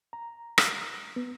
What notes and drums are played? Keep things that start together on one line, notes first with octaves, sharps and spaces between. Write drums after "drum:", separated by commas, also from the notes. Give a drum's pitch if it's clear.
A#5
drum: rim click
B3